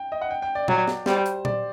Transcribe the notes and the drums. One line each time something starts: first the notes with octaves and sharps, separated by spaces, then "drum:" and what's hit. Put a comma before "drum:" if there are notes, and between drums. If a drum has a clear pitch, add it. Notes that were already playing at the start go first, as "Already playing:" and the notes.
Already playing: G5
D#5
F#5
G5
G5
D5
F#3 D5, drum: tom A#2
drum: snare
G3 C5, drum: snare
drum: hi-hat
D5, drum: tom A#2